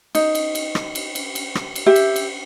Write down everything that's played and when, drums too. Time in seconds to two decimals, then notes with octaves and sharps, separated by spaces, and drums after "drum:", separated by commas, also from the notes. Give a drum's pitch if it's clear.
0.15 D#4, drum: cymbal
0.35 drum: cymbal
0.55 drum: cymbal
0.75 drum: rim click
0.95 drum: cymbal
1.15 drum: cymbal
1.35 drum: cymbal
1.55 drum: rim click
1.75 drum: cymbal
1.86 G4 E5
1.96 drum: cymbal
2.16 drum: cymbal